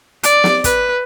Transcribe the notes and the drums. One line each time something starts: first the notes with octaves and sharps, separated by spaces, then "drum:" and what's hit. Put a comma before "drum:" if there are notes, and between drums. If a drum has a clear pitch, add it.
D5, drum: hi-hat
drum: snare
B4, drum: kick, hi-hat